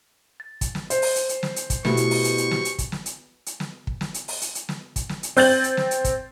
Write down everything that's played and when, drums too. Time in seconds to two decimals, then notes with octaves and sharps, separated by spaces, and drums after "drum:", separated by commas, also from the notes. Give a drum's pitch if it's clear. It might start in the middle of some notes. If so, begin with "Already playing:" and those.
0.40 A6
0.61 drum: kick, hi-hat
0.75 drum: snare
0.90 C5, drum: hi-hat
1.02 drum: open hi-hat
1.16 drum: hi-hat
1.29 drum: hi-hat
1.43 drum: snare
1.56 drum: hi-hat
1.70 drum: kick, hi-hat
1.85 B2 A3 E4 F#4 G4 B4 C#6, drum: snare
1.97 drum: hi-hat
2.11 drum: open hi-hat
2.24 drum: hi-hat
2.38 drum: hi-hat
2.51 drum: snare
2.65 drum: hi-hat
2.79 drum: kick, hi-hat
2.92 drum: snare
3.06 drum: hi-hat
3.46 drum: hi-hat
3.60 drum: snare
3.87 drum: kick
4.01 drum: snare
4.14 drum: hi-hat
4.28 drum: open hi-hat
4.42 drum: hi-hat
4.55 drum: hi-hat
4.69 drum: snare
4.96 drum: kick, hi-hat
5.09 drum: snare
5.23 drum: hi-hat
5.37 C4 G6 A6 F#7, drum: open hi-hat
5.64 drum: hi-hat
5.77 drum: snare
5.91 drum: hi-hat
6.04 drum: kick, hi-hat